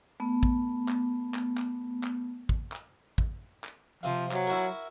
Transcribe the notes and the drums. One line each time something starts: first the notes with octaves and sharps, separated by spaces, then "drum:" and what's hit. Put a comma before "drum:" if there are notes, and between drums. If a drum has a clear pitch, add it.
A3 B3
drum: kick
drum: clap
drum: clap
drum: clap
drum: clap
drum: kick
drum: clap
drum: kick
drum: clap
C3 F3 F5
F#3, drum: clap
E4 F#4 A#4